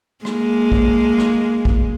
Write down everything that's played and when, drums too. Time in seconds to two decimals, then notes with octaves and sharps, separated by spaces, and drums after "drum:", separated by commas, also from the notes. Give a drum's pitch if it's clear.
0.25 G#3 A#3, drum: rim click
0.72 drum: kick
1.18 drum: rim click
1.65 drum: kick